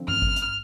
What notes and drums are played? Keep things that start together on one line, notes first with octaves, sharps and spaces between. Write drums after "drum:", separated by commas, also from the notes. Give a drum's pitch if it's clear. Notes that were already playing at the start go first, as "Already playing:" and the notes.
Already playing: D3 F3 C4
F6, drum: tom G2
drum: kick G#1
drum: hi-hat